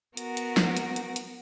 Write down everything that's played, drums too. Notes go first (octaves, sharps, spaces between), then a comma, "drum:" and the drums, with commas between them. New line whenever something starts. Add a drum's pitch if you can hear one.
B3 F#4 A#4, drum: hi-hat
drum: hi-hat
drum: snare
drum: hi-hat
drum: hi-hat
drum: hi-hat